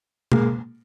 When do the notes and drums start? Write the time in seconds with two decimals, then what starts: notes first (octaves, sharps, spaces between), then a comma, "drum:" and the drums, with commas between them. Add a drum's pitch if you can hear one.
0.32 G#3 A#3, drum: tom B2